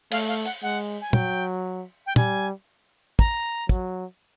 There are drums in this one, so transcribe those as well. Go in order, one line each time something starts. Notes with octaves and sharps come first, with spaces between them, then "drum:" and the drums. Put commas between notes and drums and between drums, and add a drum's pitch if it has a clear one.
A3 F5, drum: cymbal
F5
F#5, drum: hi-hat
G#3 F#5
G#5
F#3 G5, drum: tom
G5
G3 G#5, drum: tom
A#5, drum: kick
F#3, drum: kick